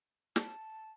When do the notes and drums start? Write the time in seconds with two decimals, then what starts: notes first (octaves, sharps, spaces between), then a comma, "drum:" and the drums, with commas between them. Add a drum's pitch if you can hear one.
0.36 A5, drum: snare